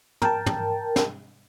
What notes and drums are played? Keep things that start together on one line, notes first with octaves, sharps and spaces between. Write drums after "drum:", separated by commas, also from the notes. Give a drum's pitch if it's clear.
A#4 G5 A5, drum: tom
drum: tom
drum: snare